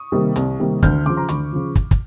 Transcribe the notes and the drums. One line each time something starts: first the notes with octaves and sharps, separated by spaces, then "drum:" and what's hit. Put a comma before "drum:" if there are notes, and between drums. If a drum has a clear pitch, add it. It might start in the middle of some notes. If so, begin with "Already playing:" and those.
Already playing: C#6 D#6
C3 D#3 G3 A#3
C2, drum: hi-hat
C3 D#3 G3 A#3
D2 F6 G6, drum: kick, hi-hat
C#3 F3 C6 D6
A#5 C6
D2 B5 C#6, drum: hi-hat
C#3 F3
drum: kick, hi-hat
drum: kick, hi-hat